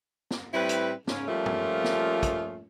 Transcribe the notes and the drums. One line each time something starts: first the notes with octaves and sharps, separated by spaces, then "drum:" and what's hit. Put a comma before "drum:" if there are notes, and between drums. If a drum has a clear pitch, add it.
drum: snare
A2 G3 C4 E4 B4
drum: hi-hat
G#2 C#3 C#4, drum: snare
F3 G3 A3 A#3 C#4 F4
drum: tom
drum: snare
drum: kick, hi-hat